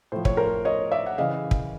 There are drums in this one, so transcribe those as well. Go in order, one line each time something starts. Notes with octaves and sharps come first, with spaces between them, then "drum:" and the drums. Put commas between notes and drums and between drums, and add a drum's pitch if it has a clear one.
A2 F3 C5
C#5, drum: kick
A#4 C5
C#5 D#5
D5 E5
F#5
C#3 E3 D#5 F5
drum: kick